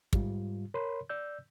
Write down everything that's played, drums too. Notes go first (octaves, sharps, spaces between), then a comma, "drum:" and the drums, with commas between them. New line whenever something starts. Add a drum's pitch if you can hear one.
G#2 G3 F4, drum: kick
A#4 C#5 B5 C6
D5 E6 G6